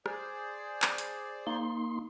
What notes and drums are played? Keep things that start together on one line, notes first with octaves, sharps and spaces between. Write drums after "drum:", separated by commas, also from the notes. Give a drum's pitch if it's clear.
G#4 C5 D5, drum: rim click
drum: clap
drum: hi-hat
A#3 D#4 C6